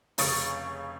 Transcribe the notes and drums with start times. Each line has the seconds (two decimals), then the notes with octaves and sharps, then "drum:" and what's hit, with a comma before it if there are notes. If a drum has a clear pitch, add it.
0.18 F1 C#3 C#5 D#6 A6 D7, drum: open hi-hat